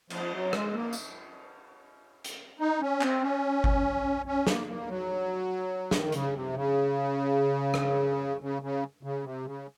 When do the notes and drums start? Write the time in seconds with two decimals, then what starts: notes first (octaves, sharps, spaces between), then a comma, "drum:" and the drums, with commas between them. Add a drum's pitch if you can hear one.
0.10 F3, drum: cymbal
0.32 F#3
0.53 G#3, drum: rim click
0.73 A#3
0.93 drum: tambourine
2.24 drum: hi-hat
2.59 D#4
2.81 C#4
3.01 C4, drum: clap
3.22 C#4
3.64 drum: kick G1
4.26 C#4
4.47 A#3, drum: snare
4.67 A#3
4.88 F#3
5.91 D#3, drum: snare
6.12 C#3, drum: hi-hat
6.33 C3
6.54 C#3
7.74 drum: rim click
8.41 C#3
8.62 C#3
9.03 C#3
9.24 C3
9.45 C#3